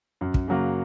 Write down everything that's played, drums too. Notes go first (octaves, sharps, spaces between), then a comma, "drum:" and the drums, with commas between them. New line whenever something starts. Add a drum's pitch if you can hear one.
F#2
drum: kick
C#3 F#3 A#3